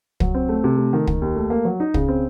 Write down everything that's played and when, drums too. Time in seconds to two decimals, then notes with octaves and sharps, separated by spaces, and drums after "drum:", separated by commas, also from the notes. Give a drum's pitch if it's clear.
0.20 F#3, drum: kick
0.35 C4
0.49 A3
0.64 C3
0.78 A3
0.93 D#3
1.07 D#3, drum: kick
1.22 D#2
1.36 A3
1.50 A#3
1.65 F#3
1.80 D#4
1.94 C#3, drum: kick
2.08 C4